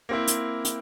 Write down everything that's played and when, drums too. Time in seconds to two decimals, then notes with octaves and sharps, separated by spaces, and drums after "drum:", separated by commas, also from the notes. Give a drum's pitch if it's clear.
0.09 A#3 C4 E4
0.28 drum: hi-hat
0.65 drum: hi-hat